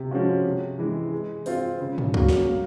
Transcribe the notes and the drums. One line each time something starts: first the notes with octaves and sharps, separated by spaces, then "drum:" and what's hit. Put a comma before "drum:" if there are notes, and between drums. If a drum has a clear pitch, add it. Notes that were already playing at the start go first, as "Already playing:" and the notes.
Already playing: C3
F3 G#3 C#4 F#4
C3
E3 G#3
G#3
C4 F4, drum: open hi-hat
C#3
drum: tom
F#3 A#3 C#4 F#4, drum: kick C2
drum: snare
A#3